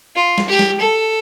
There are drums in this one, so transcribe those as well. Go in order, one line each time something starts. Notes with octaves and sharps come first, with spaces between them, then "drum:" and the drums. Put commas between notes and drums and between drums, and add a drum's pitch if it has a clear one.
F4
drum: snare
G4
drum: snare
A4